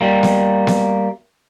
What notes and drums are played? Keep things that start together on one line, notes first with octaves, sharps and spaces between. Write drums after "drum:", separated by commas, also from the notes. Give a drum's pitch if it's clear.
G3 A#3
drum: snare B3
drum: snare B3